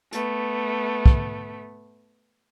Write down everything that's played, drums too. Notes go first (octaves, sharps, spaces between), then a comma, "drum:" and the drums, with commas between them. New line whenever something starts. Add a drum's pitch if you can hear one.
A3 B3, drum: hi-hat
drum: kick